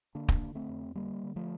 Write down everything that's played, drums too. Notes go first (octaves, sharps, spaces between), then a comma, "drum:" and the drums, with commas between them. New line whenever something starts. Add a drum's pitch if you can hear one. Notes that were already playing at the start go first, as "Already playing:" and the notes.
D3 A#3 D4
drum: kick
D3
A3 C4
F2
D3 G3 A#3
D3
F3 A3